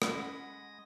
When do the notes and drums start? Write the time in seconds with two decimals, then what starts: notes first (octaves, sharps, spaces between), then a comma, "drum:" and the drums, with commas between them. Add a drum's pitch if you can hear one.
0.02 G#3 C#4 F#5 B5 D#6 A#6, drum: rim click